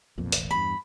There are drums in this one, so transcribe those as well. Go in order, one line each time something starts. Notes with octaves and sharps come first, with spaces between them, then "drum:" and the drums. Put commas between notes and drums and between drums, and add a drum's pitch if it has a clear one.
B1 F2 A#2
E1 A1, drum: hi-hat
E2 G2 B5